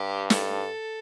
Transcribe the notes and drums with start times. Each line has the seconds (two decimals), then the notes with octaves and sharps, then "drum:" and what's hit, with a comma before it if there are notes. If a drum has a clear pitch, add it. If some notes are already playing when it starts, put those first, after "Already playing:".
Already playing: G2 G4
0.30 A4, drum: snare